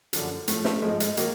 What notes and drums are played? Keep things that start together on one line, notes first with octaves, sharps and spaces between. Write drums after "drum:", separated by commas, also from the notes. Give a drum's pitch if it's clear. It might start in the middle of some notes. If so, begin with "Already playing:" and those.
F#2 D3 F3, drum: hi-hat
A2 F3 A3, drum: hi-hat
A3, drum: snare
F3 G#3
G#2
G#3, drum: hi-hat
D#3 F#3 A#3, drum: hi-hat